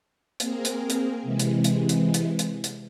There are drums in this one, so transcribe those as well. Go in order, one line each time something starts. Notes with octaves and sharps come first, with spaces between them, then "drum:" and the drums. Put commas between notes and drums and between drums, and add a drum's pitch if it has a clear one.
A#3 C4 G#4 A#4, drum: hi-hat
drum: hi-hat
drum: hi-hat
C3 E3 G#3
drum: hi-hat
drum: hi-hat
drum: hi-hat
drum: hi-hat
drum: hi-hat
drum: hi-hat